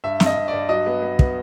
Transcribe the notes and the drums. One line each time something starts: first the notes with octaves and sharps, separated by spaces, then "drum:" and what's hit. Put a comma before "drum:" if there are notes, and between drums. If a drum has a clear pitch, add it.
G2 E5
G2, drum: snare
D#5
G2
D5
G2
F#3 D#5
B3
B3
B3, drum: kick